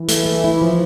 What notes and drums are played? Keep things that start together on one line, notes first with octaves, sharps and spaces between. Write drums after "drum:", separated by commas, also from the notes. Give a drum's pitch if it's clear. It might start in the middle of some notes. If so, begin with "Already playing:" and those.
Already playing: E3
A3, drum: hi-hat
A3
E4
F3